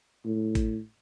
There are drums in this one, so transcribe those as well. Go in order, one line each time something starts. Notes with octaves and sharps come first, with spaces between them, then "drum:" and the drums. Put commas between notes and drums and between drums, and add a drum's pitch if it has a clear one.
A2
drum: kick G#1, hi-hat